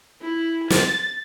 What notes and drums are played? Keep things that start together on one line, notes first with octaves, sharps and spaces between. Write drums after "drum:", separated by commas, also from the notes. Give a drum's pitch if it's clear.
E4
A6, drum: snare